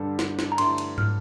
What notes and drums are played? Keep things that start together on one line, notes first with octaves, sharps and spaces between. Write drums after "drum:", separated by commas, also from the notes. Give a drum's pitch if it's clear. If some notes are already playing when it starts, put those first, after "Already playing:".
Already playing: G2 D3 G3 D4 A4
drum: snare
drum: snare
A#5
G2 D3 A3 E4 C6, drum: cymbal
drum: cymbal
F6, drum: tom